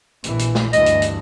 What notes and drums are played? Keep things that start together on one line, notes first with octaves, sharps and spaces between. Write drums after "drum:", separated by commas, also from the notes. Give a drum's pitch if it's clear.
A#1 E3, drum: hi-hat
drum: hi-hat
drum: snare
D2 G2 E3 D#5, drum: hi-hat
drum: hi-hat
drum: hi-hat